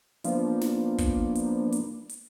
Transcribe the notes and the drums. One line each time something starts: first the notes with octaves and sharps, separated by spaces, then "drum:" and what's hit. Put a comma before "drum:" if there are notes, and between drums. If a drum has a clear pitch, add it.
F3 A#3 B3 D4, drum: hi-hat
drum: snare
drum: kick, hi-hat
drum: hi-hat
drum: hi-hat
drum: hi-hat